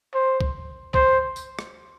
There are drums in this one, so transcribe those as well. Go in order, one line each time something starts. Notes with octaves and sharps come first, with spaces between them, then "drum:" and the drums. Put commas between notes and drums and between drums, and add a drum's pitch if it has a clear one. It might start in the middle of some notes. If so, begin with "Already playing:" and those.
C5
drum: kick
C5, drum: kick
drum: tambourine
drum: rim click